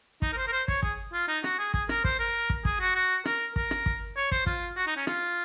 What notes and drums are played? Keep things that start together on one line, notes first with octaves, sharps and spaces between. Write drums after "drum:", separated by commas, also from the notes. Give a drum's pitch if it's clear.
D#4, drum: kick
A#4
C5
A#4
C5
C#5, drum: kick
G#4, drum: kick
F4
D#4
F#4, drum: rim click
G#4
G#4, drum: kick
A#4, drum: rim click
C5, drum: kick
A#4
drum: kick
G#4, drum: kick
F#4
F#4
A#4, drum: rim click
A#4, drum: kick
drum: rim click
drum: kick
C#5
C5, drum: kick
F4, drum: kick
F#4
D#4
C#4
F4, drum: rim click